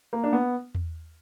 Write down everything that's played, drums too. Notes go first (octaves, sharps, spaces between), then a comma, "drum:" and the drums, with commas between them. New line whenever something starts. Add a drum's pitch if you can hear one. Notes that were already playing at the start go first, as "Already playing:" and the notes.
A#3
D4
B3
drum: tom E2